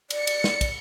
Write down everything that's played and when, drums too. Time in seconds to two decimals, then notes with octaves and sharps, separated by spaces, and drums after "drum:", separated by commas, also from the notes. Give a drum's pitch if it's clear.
0.10 D5 C#7, drum: cymbal
0.27 drum: cymbal
0.44 drum: snare
0.61 drum: kick, cymbal